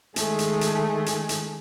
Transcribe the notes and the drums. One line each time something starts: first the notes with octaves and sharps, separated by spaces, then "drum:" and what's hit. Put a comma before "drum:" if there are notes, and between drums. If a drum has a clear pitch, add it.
D#3 G#3 A3 G#4, drum: hi-hat
drum: hi-hat
drum: hi-hat
drum: hi-hat
drum: hi-hat